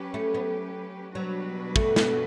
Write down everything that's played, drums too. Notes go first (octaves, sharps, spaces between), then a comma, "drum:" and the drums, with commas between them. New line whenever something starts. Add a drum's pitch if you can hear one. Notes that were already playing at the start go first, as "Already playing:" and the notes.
Already playing: F#3 C#4 G4 B4
A3
B3
B2 F#3 G3 D4 F#4 B4
A3, drum: kick
B3, drum: snare